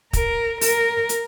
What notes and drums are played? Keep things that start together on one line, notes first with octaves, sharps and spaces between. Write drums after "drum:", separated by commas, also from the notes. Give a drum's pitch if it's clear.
A#4, drum: kick, hi-hat
A#4, drum: open hi-hat
drum: hi-hat